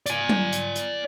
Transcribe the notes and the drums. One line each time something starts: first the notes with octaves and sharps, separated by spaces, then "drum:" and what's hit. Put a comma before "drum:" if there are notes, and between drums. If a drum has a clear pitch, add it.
D5 G#5, drum: hi-hat
drum: tom F#3
drum: hi-hat
drum: hi-hat